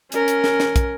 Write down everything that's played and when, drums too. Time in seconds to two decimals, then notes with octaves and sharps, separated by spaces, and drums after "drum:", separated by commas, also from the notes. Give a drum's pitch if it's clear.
0.12 C#4 A#4, drum: hi-hat
0.28 drum: hi-hat
0.44 drum: snare
0.60 drum: snare
0.76 drum: kick, hi-hat